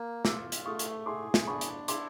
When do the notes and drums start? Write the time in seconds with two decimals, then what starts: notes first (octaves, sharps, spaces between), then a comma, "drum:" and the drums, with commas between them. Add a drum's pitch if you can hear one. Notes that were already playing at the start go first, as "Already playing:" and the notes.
Already playing: A#3
0.25 F4 D6 E6, drum: snare
0.52 drum: hi-hat
0.66 A3 C#6 D#6
0.79 drum: hi-hat
1.06 G#4 C6 D6
1.34 drum: snare
1.47 D4 B5 C#6
1.61 drum: hi-hat
1.88 E4 C6 D6, drum: hi-hat